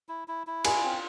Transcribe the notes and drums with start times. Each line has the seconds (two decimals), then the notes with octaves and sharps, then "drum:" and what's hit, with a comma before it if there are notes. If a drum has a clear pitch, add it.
0.09 E4
0.28 E4
0.47 E4
0.65 F4 G#5, drum: cymbal
0.83 C4